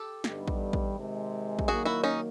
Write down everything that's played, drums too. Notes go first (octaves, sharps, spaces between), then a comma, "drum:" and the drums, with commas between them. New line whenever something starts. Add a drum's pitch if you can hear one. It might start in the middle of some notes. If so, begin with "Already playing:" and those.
Already playing: G4 A4
G2 D3 G3 B3 D#4, drum: snare
drum: kick
drum: kick
C3 D#3 G#3
drum: kick
D#3 F#3 A#3 F#4 G#4
E4 F#4
C#4 D#4